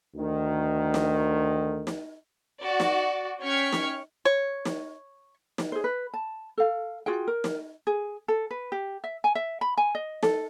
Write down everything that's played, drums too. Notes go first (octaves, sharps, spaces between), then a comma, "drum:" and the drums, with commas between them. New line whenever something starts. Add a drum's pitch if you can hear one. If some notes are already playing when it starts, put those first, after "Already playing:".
D2 D#3
drum: snare
drum: snare
F#4 D5
drum: snare
C#4 G5 C#6 F6 G#6 B6
drum: snare
C#5
drum: snare
drum: snare
G#4 C5
B4
A5
A4 F5
F4 F#4 G#4 G5
A#4
drum: snare
G#4
A4
B4
G4
E5
G#5
E5
B5
G#5
D#5
A4, drum: snare